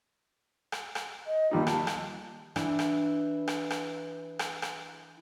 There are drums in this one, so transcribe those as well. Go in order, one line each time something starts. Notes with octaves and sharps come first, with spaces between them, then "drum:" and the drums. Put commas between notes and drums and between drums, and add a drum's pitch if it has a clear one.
drum: rim click
drum: rim click
D#5
D#2 G3 D#4 F4
A5, drum: rim click
drum: rim click
E3 D4, drum: rim click
drum: rim click
drum: rim click
drum: rim click
drum: rim click
drum: rim click